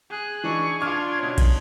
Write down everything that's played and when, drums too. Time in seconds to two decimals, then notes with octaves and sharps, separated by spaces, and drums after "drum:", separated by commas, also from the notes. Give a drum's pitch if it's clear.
0.11 G#4 F#6
0.44 E3 D4 D#4 C#6
0.80 D4 F4 C#6 D6 F6 G#6
1.19 B2 C#4
1.38 drum: kick, cymbal